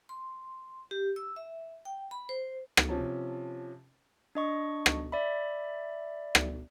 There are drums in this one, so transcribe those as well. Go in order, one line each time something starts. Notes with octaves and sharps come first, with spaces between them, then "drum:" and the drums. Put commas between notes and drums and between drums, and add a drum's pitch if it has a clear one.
C6
G4
E6
E5
G5
B5
C5
drum: rim click
C3 F3 C#4 A5
D4 D#5 C#6
drum: rim click
D5 E5 B5
drum: rim click